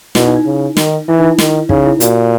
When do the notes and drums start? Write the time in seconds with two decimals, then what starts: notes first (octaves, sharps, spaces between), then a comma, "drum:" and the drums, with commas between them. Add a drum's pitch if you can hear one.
0.15 B2 E4, drum: snare
0.26 D#4
0.36 D#4
0.45 C#3
0.77 D#3, drum: snare
1.08 E3 E4
1.19 D#4
1.24 E4
1.38 D#3, drum: snare
1.69 C#3 D#4, drum: kick
1.86 E4
2.00 A#2 F#4, drum: hi-hat